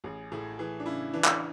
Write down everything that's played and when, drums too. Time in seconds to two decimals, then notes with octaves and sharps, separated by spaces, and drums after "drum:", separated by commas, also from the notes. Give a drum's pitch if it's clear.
0.04 A1 G#4
0.32 A2 G#4
0.59 E3 G#4
0.80 D4
0.86 C#3 E4
1.13 E3 D4
1.25 drum: clap